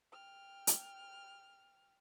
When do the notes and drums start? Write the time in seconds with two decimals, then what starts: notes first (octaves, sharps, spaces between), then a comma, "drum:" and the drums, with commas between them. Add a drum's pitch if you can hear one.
0.12 G5 F6
0.67 drum: hi-hat